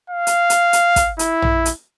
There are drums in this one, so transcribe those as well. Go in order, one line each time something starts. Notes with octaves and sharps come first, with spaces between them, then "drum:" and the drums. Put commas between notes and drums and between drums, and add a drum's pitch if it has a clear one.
F5
drum: hi-hat
drum: hi-hat
drum: hi-hat
drum: kick, hi-hat
E4, drum: hi-hat
drum: tom A#1
drum: hi-hat